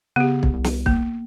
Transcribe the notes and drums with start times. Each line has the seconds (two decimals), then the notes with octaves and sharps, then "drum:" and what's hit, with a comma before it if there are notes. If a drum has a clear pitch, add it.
0.16 C#3 B3 G4
0.43 drum: kick
0.53 C2
0.64 drum: snare
0.86 A#3, drum: kick